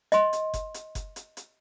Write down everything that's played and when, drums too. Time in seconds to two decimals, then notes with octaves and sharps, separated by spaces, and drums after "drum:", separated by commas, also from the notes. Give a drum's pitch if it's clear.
0.12 D#5 C6, drum: hi-hat
0.33 drum: hi-hat
0.54 drum: kick F#1, hi-hat
0.74 drum: hi-hat
0.95 drum: kick F#1, hi-hat
1.16 drum: hi-hat
1.37 drum: hi-hat